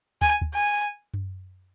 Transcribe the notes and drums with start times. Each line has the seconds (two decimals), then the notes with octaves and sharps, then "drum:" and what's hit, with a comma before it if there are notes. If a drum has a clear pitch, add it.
0.21 G#5, drum: kick
0.41 drum: kick
0.54 G#5
1.14 drum: tom F#2